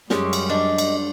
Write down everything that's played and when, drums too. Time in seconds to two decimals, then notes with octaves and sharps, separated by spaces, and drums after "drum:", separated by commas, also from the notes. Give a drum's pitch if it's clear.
0.10 F#2 G3 G#3 C#4 G4, drum: snare
0.33 drum: cymbal
0.49 D4 D#5
0.78 drum: cymbal